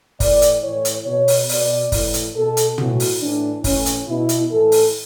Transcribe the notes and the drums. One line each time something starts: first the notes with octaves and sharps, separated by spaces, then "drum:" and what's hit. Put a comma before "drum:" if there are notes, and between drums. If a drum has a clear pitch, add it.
A2 E3 D5, drum: kick F#1, open hi-hat
drum: hi-hat
A2 E3 C#5
drum: hi-hat
B2 C#5
drum: open hi-hat
B2 D5, drum: open hi-hat
A2 E3, drum: kick F#1, open hi-hat
drum: hi-hat
B2 A4
drum: hi-hat
A2 E3 F#4, drum: tom
drum: open hi-hat
A2 E3 D4
A2 E3 C#4, drum: kick F#1, open hi-hat
drum: hi-hat
B2 E4
drum: hi-hat
A2 E3 A4
drum: open hi-hat